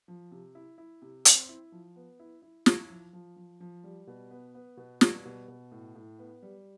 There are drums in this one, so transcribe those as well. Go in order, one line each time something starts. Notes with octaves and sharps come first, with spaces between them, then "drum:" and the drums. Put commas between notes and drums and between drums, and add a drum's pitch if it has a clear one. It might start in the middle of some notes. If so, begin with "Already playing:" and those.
F3
C3
E4
E4
C3
C4, drum: hi-hat
E4
F3
B3
E4
E4
E4, drum: snare
F3
F3
F3
F3
G3
B2
B3
B3
B2
G3, drum: snare
B2
B2
A2
A2
B3
G3